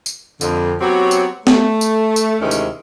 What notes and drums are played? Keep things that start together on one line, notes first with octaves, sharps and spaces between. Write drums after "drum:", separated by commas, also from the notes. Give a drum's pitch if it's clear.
drum: tambourine
F2 D3, drum: tambourine
F#3 B3 C4 F#4 G4 C#5
drum: tambourine
A3, drum: snare
drum: tambourine
drum: tambourine
D2 C3 D#3 G#3 C#4 E4
drum: tambourine